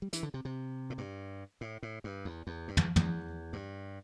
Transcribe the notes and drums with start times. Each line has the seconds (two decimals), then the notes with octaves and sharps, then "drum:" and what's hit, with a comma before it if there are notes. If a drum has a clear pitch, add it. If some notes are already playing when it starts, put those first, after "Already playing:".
0.02 G3
0.13 E3, drum: hi-hat
0.23 D3
0.34 C3
0.45 C3
0.90 A2
0.98 G2
1.61 A2
1.83 A2
2.04 G2
2.25 E2
2.47 E2
2.68 G2
2.77 E2, drum: tom
2.96 E2, drum: tom
3.53 G2